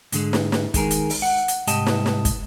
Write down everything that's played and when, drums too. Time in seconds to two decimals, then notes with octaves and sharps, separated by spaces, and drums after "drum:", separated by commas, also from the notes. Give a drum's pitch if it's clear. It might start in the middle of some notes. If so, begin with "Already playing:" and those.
0.12 G#2 D3 G#3, drum: hi-hat
0.33 drum: snare
0.52 drum: snare
0.74 D#3 G#3 G#4 A#4, drum: kick, hi-hat
0.91 drum: hi-hat
1.10 drum: open hi-hat
1.22 F#5
1.48 drum: hi-hat
1.67 C2 G#2 G4 D#5 A5, drum: hi-hat
1.87 drum: snare
2.06 drum: snare
2.25 drum: kick, hi-hat